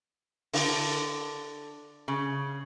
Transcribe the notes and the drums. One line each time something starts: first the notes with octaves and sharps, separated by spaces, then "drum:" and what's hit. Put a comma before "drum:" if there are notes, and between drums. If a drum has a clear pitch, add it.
D3, drum: open hi-hat
C#3